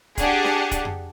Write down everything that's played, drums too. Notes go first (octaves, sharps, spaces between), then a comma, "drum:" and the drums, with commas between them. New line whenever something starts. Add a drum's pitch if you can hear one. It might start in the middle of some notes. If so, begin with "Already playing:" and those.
D4 G4 G#4 F#5, drum: kick, hi-hat
drum: snare
drum: kick, hi-hat
drum: tom F2